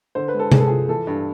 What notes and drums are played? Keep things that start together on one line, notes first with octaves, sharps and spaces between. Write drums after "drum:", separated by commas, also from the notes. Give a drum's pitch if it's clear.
D3 C5
B4
G#3
A4
G2 G#4, drum: tom C3
A4
F3 G#4
E3 A4
G2